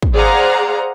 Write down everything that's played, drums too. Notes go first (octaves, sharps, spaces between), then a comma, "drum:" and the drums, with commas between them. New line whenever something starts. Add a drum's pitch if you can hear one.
drum: kick
G#4 C5 D5 F5 F#5 A#5